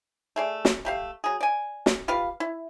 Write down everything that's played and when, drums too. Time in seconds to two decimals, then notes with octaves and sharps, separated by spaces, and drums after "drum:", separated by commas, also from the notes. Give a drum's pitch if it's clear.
0.36 A3 G#4 D5
0.65 drum: snare
0.85 A3 G4 F5
1.24 F#3 G#4
1.41 D5 G#5
1.86 drum: snare
2.08 F4 G4 B4 F5
2.40 E4